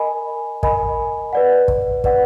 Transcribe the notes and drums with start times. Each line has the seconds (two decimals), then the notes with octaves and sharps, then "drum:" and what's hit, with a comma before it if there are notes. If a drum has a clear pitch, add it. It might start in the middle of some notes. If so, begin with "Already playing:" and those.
Already playing: A#4 D#5 G#5 B5
0.63 A#4 D#5 G#5 B5, drum: kick
1.33 B4 D5 F#5
1.68 drum: kick
2.04 B4 D5 F#5, drum: kick